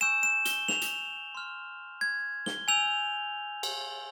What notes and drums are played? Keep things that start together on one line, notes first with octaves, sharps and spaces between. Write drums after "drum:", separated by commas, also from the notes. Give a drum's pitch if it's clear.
G#5 C#6 E6 G6 E7
E7
G7, drum: hi-hat
F7, drum: snare
drum: hi-hat
C6 F6
G#6
G7, drum: snare
G#5 E6 G6 F7
drum: cymbal